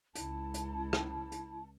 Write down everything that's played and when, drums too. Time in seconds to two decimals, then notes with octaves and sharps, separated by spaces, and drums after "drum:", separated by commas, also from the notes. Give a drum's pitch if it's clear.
0.15 C#2 E4 A5, drum: hi-hat
0.54 drum: hi-hat
0.93 drum: rim click
1.32 drum: hi-hat